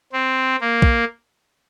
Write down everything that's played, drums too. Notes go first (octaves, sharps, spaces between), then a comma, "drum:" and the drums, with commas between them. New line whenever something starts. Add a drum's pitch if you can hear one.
C4
A#3
drum: kick